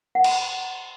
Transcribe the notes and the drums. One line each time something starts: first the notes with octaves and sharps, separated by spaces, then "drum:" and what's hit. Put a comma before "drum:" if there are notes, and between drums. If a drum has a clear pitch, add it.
F#5
drum: cymbal